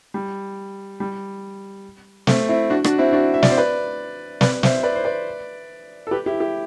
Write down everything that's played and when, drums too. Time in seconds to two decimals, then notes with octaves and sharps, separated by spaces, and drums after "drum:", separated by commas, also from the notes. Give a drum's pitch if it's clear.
0.14 G3
1.00 G3
2.27 A3 C4, drum: snare
2.49 C4 E4
2.70 D4 F#4
2.84 D4 F#4, drum: rim click
2.98 C4 E4
3.13 D4 F#4
3.34 E5
3.43 D5, drum: snare
3.50 C5
3.58 B4 D5
4.41 B4 D5, drum: snare
4.63 C5 E5, drum: snare
4.83 B4 D5
4.96 C5
5.05 B4 D5
6.07 A4
6.11 G4 B4
6.26 E4 G4
6.40 E4 G4